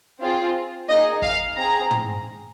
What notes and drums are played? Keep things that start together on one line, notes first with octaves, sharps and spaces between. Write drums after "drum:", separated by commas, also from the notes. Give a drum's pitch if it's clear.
C4 F4 G#4
A#3 D#4 G#4 D#5
F5, drum: kick
C4 G#4 A#5
drum: tom